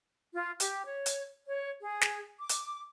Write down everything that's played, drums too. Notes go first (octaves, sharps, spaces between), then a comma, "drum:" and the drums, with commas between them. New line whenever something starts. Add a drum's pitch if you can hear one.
F4
G4, drum: hi-hat
C#5
drum: hi-hat
C#5
G#4
drum: snare
D6
drum: hi-hat